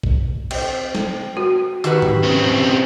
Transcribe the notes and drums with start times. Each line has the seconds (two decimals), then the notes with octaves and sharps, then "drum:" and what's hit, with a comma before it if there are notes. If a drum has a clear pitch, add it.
0.03 drum: kick
0.51 C4, drum: cymbal
0.95 drum: snare
1.37 F#4
1.84 D#3 F#4 G4 B4, drum: hi-hat
2.02 drum: tom G#2
2.23 C#3 C4